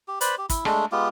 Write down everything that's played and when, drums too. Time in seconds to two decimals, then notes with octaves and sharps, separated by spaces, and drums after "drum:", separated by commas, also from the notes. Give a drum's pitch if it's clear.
0.08 G4
0.21 B4 C5 D5 B5, drum: hi-hat
0.38 G4
0.50 E4, drum: kick, hi-hat
0.65 G#3 A3 D4, drum: rim click
0.92 G#3 B3 F4 G4